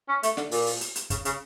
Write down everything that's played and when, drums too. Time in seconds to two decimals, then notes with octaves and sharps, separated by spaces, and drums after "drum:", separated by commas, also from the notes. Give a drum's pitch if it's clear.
0.09 C#4
0.23 A3, drum: hi-hat
0.37 D3, drum: snare
0.51 A#2, drum: open hi-hat
0.66 drum: open hi-hat
0.81 drum: hi-hat
0.95 drum: hi-hat
1.10 C#3, drum: kick, hi-hat
1.25 C#3, drum: hi-hat